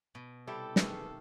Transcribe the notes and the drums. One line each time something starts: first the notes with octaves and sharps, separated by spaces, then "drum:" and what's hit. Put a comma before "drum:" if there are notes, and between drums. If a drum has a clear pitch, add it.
B2
C3 G3 E4 G4 A4
D#3 A3 G#4 B4 F5, drum: snare